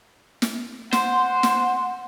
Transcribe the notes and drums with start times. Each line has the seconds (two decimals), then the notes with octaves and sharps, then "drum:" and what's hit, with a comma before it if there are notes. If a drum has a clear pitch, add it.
0.42 drum: snare
0.93 C5 F#5 C6, drum: snare
1.43 drum: snare